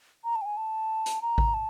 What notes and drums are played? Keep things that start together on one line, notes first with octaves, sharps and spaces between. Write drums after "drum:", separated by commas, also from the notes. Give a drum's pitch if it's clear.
A#5
A5
G5
G#5
A5
drum: hi-hat
A#5
drum: kick A1
A5